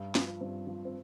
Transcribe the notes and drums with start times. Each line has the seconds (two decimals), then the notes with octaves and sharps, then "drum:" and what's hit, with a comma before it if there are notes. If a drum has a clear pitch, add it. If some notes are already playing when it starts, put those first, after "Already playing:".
Already playing: G2
0.15 F3, drum: snare
0.41 G2 C4
0.67 F3 F4
0.85 C4